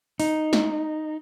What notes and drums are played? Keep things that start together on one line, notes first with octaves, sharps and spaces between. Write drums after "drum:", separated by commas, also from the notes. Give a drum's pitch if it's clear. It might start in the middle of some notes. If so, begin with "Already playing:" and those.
D#4, drum: open hi-hat
drum: snare